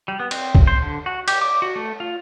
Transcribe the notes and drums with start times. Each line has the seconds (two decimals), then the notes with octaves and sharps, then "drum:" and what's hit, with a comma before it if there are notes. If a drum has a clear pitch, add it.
0.08 G3
0.20 B3
0.31 C4, drum: cymbal
0.55 drum: kick
0.67 C5
0.82 D3
1.06 F#4
1.28 G4, drum: cymbal
1.41 D6
1.62 F#4
1.76 A3
2.00 F4